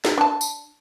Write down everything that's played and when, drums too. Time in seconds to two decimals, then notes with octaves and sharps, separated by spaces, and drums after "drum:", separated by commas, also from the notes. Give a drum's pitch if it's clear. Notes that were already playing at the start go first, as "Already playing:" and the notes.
0.05 drum: snare
0.18 D4 A5
0.41 drum: tambourine